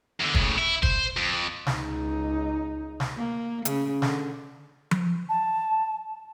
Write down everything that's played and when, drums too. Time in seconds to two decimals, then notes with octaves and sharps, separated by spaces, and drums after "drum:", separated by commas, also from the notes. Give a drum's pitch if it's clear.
0.20 E2 D3
0.35 A2 C#3, drum: kick
0.58 E4
0.83 C5, drum: kick
1.17 F2
1.67 C#2 D#4, drum: snare
3.00 drum: snare
3.16 A#3
3.65 C#3, drum: hi-hat
4.02 D3, drum: snare
4.91 drum: tom F3
5.29 A5